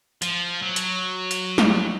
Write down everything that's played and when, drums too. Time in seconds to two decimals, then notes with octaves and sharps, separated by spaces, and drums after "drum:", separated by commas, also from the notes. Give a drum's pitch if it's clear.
0.22 F3, drum: hi-hat
0.62 F#3
0.76 drum: hi-hat
1.31 drum: hi-hat
1.58 drum: snare